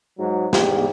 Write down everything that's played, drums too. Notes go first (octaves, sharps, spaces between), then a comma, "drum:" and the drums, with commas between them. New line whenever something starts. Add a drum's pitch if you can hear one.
G#2 F#3
E2 G#2 G4, drum: snare